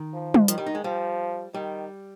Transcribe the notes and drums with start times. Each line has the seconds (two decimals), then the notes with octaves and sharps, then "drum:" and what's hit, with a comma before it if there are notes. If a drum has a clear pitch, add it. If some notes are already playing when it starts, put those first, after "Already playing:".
Already playing: D#3
0.13 F3
0.34 drum: tom G3
0.48 D#3 F3, drum: hi-hat
0.58 G3
0.67 D#4
0.75 G#3
0.84 F3 G3
1.54 D#3 G3